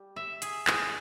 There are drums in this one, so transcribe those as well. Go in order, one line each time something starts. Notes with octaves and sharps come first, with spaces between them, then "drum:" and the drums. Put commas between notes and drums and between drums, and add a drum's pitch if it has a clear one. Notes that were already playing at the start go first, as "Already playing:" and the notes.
Already playing: G3
E5
G#4, drum: hi-hat
G#4, drum: clap